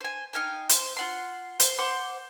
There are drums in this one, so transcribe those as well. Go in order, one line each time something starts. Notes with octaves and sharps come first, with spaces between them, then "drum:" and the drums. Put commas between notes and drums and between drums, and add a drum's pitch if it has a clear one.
C5 G#5
D#4 F5 G5 G#5
C5, drum: hi-hat
F4 F#5 C6
C5, drum: hi-hat
C5 F#5 C6 D6